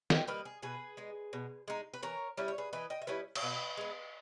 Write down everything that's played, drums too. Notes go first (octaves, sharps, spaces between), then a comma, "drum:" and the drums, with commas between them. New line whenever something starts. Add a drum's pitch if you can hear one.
D#5 G5, drum: snare
G3 A#3 B4 D#5
G#4
B2 G#4 B4
G#3 D#4
B2
G#3 D#4
B4
E3 A#4 C#5
G3 C#4 E4 B4
C#5
G#4 B4
E3 B4 D#5
D#5 G5
E5
G3 C#4 E4 B4 D#5
C#5, drum: cymbal
B2 B4 D#5
G#3 B3